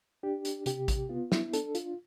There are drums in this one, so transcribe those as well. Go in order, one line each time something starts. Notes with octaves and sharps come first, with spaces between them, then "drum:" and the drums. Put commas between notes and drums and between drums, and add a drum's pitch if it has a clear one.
D4 G4
drum: hi-hat
C3 G4, drum: hi-hat
drum: kick A1, hi-hat
B3 F4
E4, drum: snare
D4 A4, drum: hi-hat
F4, drum: hi-hat